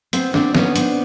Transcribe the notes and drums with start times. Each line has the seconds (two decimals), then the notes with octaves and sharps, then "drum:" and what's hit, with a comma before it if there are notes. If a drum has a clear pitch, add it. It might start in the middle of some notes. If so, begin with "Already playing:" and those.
0.13 B3 C4, drum: hi-hat
0.34 C4 D4, drum: snare
0.55 B3 C#4 D#4, drum: snare
0.76 C4 D4, drum: hi-hat